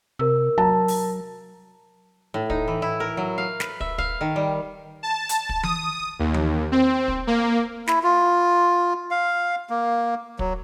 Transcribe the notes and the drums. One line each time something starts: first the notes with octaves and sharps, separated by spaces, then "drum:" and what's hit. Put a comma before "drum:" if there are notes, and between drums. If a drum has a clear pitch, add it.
C3 A#4 E6
F#3 A5 A#5
drum: open hi-hat
A2
D#4, drum: kick
E3
E4
A#4
F#3
F5
B4, drum: snare
E5, drum: kick
F5, drum: kick
D#3
G3
A5
drum: hi-hat
drum: kick
D#6, drum: tom E3
D#2
drum: tom E3
C4
drum: kick
A#3
E4, drum: snare
F4
F5
A#3
F#3, drum: kick